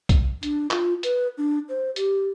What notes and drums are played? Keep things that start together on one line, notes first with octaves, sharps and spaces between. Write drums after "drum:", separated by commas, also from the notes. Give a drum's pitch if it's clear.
drum: kick B1, hi-hat
D4, drum: hi-hat
F4, drum: clap
B4, drum: hi-hat
D4
C5
G4, drum: hi-hat